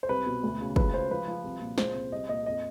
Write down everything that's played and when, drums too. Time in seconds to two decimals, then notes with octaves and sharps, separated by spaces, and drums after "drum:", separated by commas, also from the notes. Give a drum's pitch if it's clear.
0.03 C5
0.09 C2 B4
0.26 B2
0.43 D2
0.60 C#3
0.76 C#2 B4, drum: kick
0.93 C#3 C5
1.10 F3 B4
1.28 F3
1.44 C2
1.61 A#2
1.78 C#2 C5, drum: snare
1.95 C3
2.12 C2 D#5
2.29 A#2 D#5
2.45 F2 D#5